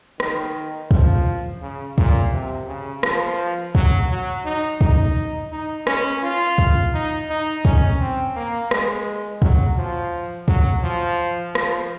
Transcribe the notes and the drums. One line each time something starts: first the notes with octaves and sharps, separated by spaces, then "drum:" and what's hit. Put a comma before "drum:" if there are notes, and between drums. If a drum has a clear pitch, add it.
D#3, drum: rim click
F3, drum: kick
C#3
A#2, drum: kick
C3
C#3
F3, drum: rim click
F#3, drum: kick
F#3
D#4
D#4, drum: kick
D#4
C#4, drum: rim click
F4
drum: kick
D#4
D#4
C#4, drum: kick
C4
A#3
G#3, drum: rim click
F#3, drum: kick
F3
F#3, drum: kick
F3
F3, drum: rim click